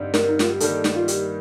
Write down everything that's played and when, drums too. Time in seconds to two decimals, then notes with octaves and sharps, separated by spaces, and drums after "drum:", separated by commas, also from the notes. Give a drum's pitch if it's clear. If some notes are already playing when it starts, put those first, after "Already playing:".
Already playing: G2 D3 G3 C4 D#4
0.14 A#4, drum: snare
0.29 D#4
0.39 F4, drum: snare
0.50 G4
0.60 G2 D#3 G3 A#3 A4, drum: hi-hat
0.84 drum: snare
0.96 F4
1.08 G4, drum: hi-hat